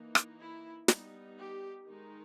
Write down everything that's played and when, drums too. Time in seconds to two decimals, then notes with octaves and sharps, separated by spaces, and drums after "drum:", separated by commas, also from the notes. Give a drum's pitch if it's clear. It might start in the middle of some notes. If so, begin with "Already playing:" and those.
Already playing: E3 A#3 D#4
0.15 drum: rim click
0.38 E4
0.88 G3 B3 D#4, drum: snare
1.38 G4
1.87 D#3 G#3 D#4